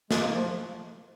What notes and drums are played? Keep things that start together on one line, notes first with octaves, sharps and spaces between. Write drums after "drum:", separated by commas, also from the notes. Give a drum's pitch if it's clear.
G#3, drum: snare
A#3
F3